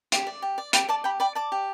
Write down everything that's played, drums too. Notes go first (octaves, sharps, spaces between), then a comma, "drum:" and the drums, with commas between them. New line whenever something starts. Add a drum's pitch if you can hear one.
G4, drum: hi-hat
D5
G4
D5
G4 G5 B5, drum: hi-hat
D5 A5 D6
G4 G5 B5
D5 G5 B5
D5 A5 D6
G4